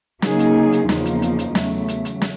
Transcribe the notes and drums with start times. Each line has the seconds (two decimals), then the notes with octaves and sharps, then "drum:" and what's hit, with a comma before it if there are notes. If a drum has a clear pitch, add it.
0.22 C#3 F#3 A#3 D#4 G#4, drum: snare
0.39 drum: hi-hat
0.72 drum: hi-hat
0.89 E2 C#3 F3 A#3 D#4, drum: snare
1.05 drum: hi-hat
1.22 drum: hi-hat
1.39 drum: hi-hat
1.55 E2 C#3 F#3 A3, drum: snare
1.88 drum: hi-hat
2.05 drum: hi-hat
2.21 drum: snare